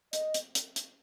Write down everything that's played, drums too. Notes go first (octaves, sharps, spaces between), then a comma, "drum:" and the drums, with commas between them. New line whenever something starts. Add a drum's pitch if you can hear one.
D#5, drum: hi-hat
drum: hi-hat
drum: hi-hat
drum: hi-hat